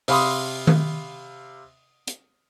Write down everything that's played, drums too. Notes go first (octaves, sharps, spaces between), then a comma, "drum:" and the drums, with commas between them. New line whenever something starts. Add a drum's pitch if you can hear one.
C3 F5 B5 C6 D#6, drum: open hi-hat
drum: tom D#3
drum: hi-hat